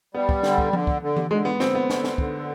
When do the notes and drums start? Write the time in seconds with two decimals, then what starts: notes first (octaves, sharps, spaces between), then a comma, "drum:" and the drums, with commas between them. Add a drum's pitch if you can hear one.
0.14 G3 B3
0.29 drum: kick
0.43 D3, drum: snare
0.58 drum: kick
0.73 D3, drum: tom F3
0.87 drum: kick
1.02 D3
1.16 drum: tom E3
1.31 D3 G#3
1.45 B3
1.60 D3 C4, drum: snare
1.75 B3
1.90 D3, drum: snare
2.04 drum: snare
2.18 D3, drum: kick